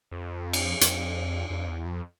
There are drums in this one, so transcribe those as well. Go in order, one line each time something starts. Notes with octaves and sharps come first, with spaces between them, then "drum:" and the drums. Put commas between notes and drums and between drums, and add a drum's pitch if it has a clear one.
F2
drum: cymbal
F2, drum: hi-hat
F2
E2
F2